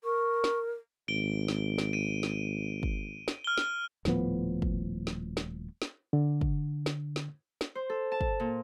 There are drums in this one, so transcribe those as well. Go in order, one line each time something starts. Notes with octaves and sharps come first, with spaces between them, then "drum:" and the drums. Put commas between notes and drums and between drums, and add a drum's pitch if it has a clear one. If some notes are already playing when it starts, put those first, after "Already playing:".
A#4 C#6
drum: snare
G#1 D7 G7
drum: snare
drum: snare
D7 D#7
drum: snare
drum: kick
drum: snare
F6 G7
drum: snare
D#1 A2 F3 B3, drum: snare
drum: kick
drum: snare
drum: snare
drum: snare
D3
drum: kick
drum: snare
drum: snare
drum: snare
C5
A4
A5
drum: kick
A#2